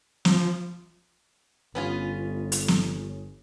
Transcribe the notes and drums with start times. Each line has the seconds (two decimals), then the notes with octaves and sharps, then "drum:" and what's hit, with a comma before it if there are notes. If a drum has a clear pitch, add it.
0.25 F3, drum: snare
1.75 G1 B3 C#4 F4
2.52 drum: hi-hat
2.68 drum: snare